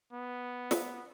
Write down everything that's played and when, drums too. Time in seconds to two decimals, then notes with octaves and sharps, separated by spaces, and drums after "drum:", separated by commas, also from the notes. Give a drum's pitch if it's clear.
0.13 B3
0.71 drum: snare